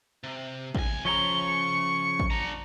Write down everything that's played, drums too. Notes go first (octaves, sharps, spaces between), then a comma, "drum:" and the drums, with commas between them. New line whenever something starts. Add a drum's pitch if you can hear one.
C3
C2 G#5, drum: kick A1
C#3 F3 C#5 A#5 C#6 G7
C#7
drum: kick A1
D4 A#5